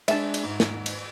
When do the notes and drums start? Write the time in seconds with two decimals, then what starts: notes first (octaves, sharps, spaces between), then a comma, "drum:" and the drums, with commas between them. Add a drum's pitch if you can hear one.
0.08 G#3 D4 E5 A5, drum: cymbal
0.34 drum: cymbal
0.44 G#2
0.60 drum: snare
0.86 drum: cymbal